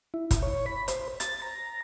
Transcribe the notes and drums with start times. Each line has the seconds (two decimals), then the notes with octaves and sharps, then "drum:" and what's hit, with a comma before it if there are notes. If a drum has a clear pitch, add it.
0.14 E4
0.31 drum: kick, hi-hat
0.42 C#5
0.66 B5
0.88 C5, drum: hi-hat
1.20 A6, drum: hi-hat
1.42 A#5